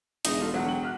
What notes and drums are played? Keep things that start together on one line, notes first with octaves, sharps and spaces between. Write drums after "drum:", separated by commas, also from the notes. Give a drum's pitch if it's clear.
E1 D3 G#3 D#4 E4, drum: hi-hat
G3 A3 F4 A4
B1 D3 F#3 F#5
G5 F#7
B1 F6 F#6